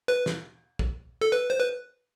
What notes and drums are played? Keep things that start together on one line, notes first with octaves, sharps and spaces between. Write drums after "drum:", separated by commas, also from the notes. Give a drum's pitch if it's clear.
B4
drum: snare
drum: kick
A4
B4
C5
B4